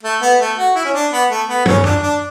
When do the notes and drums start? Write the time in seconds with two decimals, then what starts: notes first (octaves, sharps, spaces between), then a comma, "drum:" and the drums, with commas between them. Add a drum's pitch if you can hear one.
0.03 A3
0.22 B3
0.40 A3
0.57 F#4
0.76 E4
0.85 C#4
0.94 D4
1.12 B3
1.30 A3
1.48 B3
1.66 C#4, drum: tom
1.84 D4, drum: tom F#2
2.02 D4